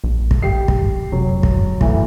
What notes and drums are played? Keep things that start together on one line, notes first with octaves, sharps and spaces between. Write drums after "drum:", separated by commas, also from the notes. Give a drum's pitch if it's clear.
A#1
drum: kick
G4 C7
drum: kick
F1 F#3
drum: kick
D2 E3, drum: kick